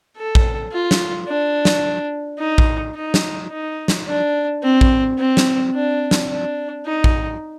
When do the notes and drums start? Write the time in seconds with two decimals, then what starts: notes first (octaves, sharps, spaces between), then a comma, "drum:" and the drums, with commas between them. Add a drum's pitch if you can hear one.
0.17 A4
0.35 drum: kick
0.72 F4
0.91 drum: snare
1.28 D4
1.65 drum: snare
2.39 D#4
2.58 drum: kick
2.95 D#4
3.14 drum: snare
3.51 D#4
3.88 drum: snare
4.07 D4
4.62 C4
4.81 drum: kick
5.18 C4
5.37 drum: snare
5.75 D4
6.11 drum: snare
6.30 D4
6.86 D#4
7.04 drum: kick